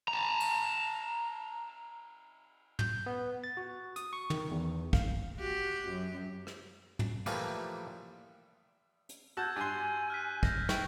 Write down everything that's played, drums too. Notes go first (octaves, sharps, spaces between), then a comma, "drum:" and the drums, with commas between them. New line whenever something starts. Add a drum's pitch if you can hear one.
A5 A#5
drum: cymbal
G6, drum: tom
B3
A6
F#4
D#6, drum: hi-hat
C#6
D#3, drum: tom
E2
F5, drum: kick
F#4 G4
F#2
drum: rim click
drum: tom
E3 F3 G3 A3 A#3, drum: cymbal
drum: hi-hat
F#4 A5 E6 G6 G#6
G2 G#5 C6
F6 F#6 B6
G6 A#6, drum: kick
G5 C#6, drum: snare